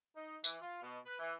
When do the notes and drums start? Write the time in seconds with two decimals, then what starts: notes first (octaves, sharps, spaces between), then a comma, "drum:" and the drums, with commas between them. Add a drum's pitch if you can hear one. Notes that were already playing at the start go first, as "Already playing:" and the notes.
0.16 D#4
0.44 E3, drum: tambourine
0.61 F4
0.82 B2
1.05 B4
1.19 E3